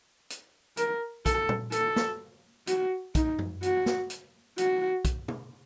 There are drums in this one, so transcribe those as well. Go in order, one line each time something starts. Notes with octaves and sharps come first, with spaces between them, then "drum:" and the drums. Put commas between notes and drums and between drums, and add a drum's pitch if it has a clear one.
drum: hi-hat
A#4, drum: hi-hat
A4, drum: kick, hi-hat
drum: tom A#2
A4, drum: hi-hat
drum: snare
F#4, drum: hi-hat
D#4, drum: kick, hi-hat
drum: tom F#2
F#4, drum: hi-hat
drum: snare
drum: hi-hat
F#4, drum: hi-hat
drum: kick, hi-hat
drum: tom B2